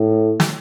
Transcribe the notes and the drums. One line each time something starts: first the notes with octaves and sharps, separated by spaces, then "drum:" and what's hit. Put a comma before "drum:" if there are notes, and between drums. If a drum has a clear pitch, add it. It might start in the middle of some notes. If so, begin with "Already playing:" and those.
Already playing: A2
drum: snare